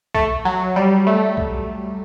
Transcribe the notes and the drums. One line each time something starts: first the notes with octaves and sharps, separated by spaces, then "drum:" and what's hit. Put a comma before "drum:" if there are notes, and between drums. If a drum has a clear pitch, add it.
A3, drum: kick C2
F#3
G3
A3
drum: kick C2